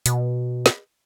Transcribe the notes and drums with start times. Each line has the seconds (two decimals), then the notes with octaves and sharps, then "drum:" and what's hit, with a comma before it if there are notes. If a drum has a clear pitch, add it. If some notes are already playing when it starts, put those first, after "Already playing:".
0.06 B2, drum: hi-hat
0.66 drum: snare